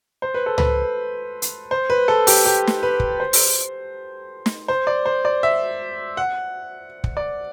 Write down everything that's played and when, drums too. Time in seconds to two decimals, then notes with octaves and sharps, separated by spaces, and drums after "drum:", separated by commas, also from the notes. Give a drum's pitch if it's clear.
0.22 C5
0.34 B4
0.46 A4
0.58 B4, drum: tom C#2
1.42 drum: hi-hat
1.71 C5
1.90 B4
2.08 A4
2.27 G4, drum: open hi-hat
2.45 G4
2.67 drum: snare
2.83 B4
3.00 drum: kick
3.20 C5
3.33 drum: open hi-hat
4.46 drum: snare
4.68 C5
4.87 D5
5.06 C5
5.25 D5
5.43 E5
6.17 F#5
7.04 drum: kick
7.17 D5